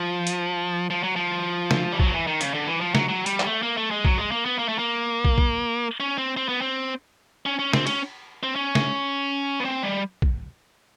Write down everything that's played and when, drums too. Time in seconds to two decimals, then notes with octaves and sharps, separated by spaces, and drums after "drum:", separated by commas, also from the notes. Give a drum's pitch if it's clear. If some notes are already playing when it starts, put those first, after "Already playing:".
Already playing: F3
0.27 drum: hi-hat
0.90 F3
1.03 F#3
1.16 F3
1.71 drum: snare
1.92 G3
2.00 F#3, drum: kick
2.06 F3
2.13 E3
2.27 D#3
2.41 C#3, drum: hi-hat
2.54 D3
2.67 E3
2.81 F3
2.95 F#3, drum: snare
3.09 F#3
3.26 G3, drum: hi-hat
3.40 A#3, drum: clap
3.46 A3
3.63 A#3
3.77 A3
3.91 G#3
4.05 F#3, drum: kick
4.18 G#3
4.32 A#3
4.45 B3
4.59 A#3
4.69 A3
4.79 A#3
5.25 drum: kick
5.38 drum: kick
6.00 C#4
6.18 C4
6.37 C4
6.49 B3
6.61 C4
7.46 C#4
7.59 C#4
7.73 C4, drum: snare
7.87 C#4, drum: cymbal
8.43 C4
8.56 C#4
8.75 drum: snare
9.60 B3
9.65 C4
9.83 G3
10.22 drum: kick